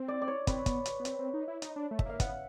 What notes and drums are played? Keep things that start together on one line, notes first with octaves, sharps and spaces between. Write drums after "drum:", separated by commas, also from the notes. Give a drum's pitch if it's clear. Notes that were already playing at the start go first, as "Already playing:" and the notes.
Already playing: C4
D5
D5
C#5
C4 B4, drum: kick, hi-hat
B3, drum: kick, hi-hat
drum: hi-hat
B3
C4, drum: hi-hat
C4
D#4
E4
D#4, drum: hi-hat
D4
A3
E5, drum: kick
A#3 F5
B3 F#5, drum: kick, hi-hat